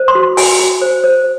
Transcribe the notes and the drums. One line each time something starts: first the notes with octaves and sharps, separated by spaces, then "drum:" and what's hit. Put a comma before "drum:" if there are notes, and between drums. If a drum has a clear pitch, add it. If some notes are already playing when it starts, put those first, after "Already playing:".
Already playing: C5
C6
F#4
F#4 G#5, drum: open hi-hat
F#4
C5
C5